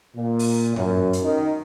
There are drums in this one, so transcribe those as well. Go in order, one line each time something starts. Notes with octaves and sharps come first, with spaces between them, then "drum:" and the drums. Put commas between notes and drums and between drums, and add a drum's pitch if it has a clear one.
A#2
drum: open hi-hat
F#2, drum: tom G2
drum: hi-hat
D#3